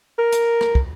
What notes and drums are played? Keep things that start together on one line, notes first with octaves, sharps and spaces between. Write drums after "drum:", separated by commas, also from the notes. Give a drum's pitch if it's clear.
A#4
drum: hi-hat
drum: rim click
drum: kick